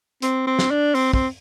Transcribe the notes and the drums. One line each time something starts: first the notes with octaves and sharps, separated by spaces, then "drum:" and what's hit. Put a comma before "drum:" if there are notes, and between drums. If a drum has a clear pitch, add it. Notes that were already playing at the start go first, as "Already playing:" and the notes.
C4, drum: hi-hat
C4
drum: snare
D4
C4, drum: open hi-hat
C4, drum: kick